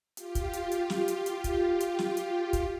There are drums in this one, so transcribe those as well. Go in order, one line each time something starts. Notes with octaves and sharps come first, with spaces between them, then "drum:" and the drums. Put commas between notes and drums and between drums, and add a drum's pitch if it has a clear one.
F4 G4, drum: hi-hat
drum: kick, hi-hat
drum: hi-hat
drum: hi-hat
drum: snare
drum: hi-hat
drum: hi-hat
drum: kick, hi-hat
drum: hi-hat
drum: snare
drum: hi-hat
drum: kick, hi-hat